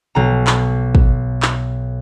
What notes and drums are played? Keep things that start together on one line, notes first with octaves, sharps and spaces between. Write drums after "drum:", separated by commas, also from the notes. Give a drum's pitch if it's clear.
B1 A#5
drum: clap
drum: kick
drum: clap